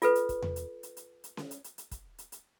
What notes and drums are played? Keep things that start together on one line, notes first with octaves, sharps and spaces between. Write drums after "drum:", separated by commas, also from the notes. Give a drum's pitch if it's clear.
F4 A4 B4, drum: hi-hat
drum: hi-hat
drum: kick, hi-hat
drum: tom E2
drum: hi-hat
drum: hi-hat
drum: hi-hat
drum: hi-hat
drum: snare C#4
drum: hi-hat
drum: hi-hat
drum: hi-hat
drum: kick, hi-hat
drum: hi-hat
drum: hi-hat